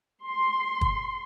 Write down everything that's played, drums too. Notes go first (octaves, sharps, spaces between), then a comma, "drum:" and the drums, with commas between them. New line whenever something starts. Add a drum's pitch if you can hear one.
C6
drum: kick